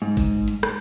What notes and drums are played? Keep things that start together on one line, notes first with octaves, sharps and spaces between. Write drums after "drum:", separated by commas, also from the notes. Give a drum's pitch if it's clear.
G#2
drum: kick G1, open hi-hat
drum: hi-hat
drum: rim click